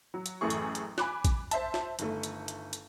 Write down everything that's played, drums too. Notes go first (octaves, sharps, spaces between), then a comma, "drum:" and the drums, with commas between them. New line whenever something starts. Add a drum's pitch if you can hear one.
F#3
drum: hi-hat
A1 F#2 E3 A3 G#4 C#6
drum: hi-hat
drum: hi-hat
G#5 B5 D6 F#6, drum: snare
drum: kick A1, hi-hat
C5 E5 A5, drum: hi-hat
drum: snare
G1 D#3 A3, drum: hi-hat
drum: hi-hat
drum: hi-hat
drum: hi-hat